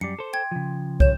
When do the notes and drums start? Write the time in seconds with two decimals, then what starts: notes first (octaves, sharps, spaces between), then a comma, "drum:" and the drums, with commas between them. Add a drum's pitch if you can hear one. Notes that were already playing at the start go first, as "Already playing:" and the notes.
0.01 F#2 G3 D6 C7 C#7
0.19 A4 C5
0.33 G5 C6 G#6
0.51 C#3 F3
1.00 C#5 G6 E7, drum: kick